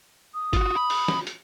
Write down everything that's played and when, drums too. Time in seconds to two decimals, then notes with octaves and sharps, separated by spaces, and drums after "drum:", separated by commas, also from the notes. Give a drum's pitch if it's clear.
0.34 D#6
0.53 F4 F#4, drum: kick G1, hi-hat
0.76 B5
0.90 drum: open hi-hat
1.08 drum: snare
1.27 drum: hi-hat